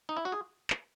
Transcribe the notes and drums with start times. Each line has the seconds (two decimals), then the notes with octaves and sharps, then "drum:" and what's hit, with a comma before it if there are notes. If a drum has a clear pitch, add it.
0.09 D#4
0.17 E4
0.25 F#4
0.32 G#4
0.70 drum: clap